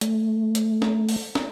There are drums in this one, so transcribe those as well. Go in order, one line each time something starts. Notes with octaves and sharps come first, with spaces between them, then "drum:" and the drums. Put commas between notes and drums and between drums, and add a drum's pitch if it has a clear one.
A3, drum: hi-hat
drum: hi-hat
drum: snare
drum: open hi-hat
drum: snare